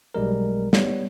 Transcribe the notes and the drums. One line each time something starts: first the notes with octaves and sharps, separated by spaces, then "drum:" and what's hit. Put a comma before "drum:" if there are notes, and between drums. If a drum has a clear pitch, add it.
B1 G3 G#3 A#4
G3 B3 C#5, drum: snare